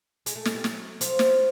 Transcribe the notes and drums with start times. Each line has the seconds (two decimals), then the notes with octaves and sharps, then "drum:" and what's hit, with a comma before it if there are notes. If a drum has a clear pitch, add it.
0.26 G#3, drum: hi-hat
0.36 A3
0.45 G#3, drum: snare
0.55 G3
0.64 F#3, drum: snare
1.01 F3, drum: hi-hat
1.19 drum: snare